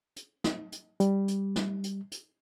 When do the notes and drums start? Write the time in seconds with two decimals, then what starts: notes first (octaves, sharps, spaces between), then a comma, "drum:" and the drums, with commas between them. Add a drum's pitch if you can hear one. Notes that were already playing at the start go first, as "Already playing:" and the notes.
0.16 drum: hi-hat
0.44 drum: snare
0.72 drum: hi-hat
1.00 G3, drum: hi-hat
1.28 drum: hi-hat
1.56 drum: snare
1.84 drum: hi-hat
2.12 drum: hi-hat